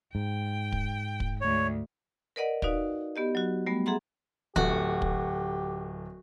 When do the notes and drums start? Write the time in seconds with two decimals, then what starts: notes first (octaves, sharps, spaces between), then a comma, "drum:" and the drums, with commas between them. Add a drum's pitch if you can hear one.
0.15 G#2 G5
0.72 drum: kick
1.20 drum: kick
1.41 D2 C#5
2.36 A#4 B4 D5 D#5 F#5
2.62 D#4 F#4 B4 D5 F5, drum: kick
3.16 B3 G4 D#5
3.35 F#3 F#4
3.66 G3 A3 B3
3.86 G#4 A4 E5 F#5 A#5 C6
4.56 D1 A3 F#4 G4, drum: kick
5.02 drum: kick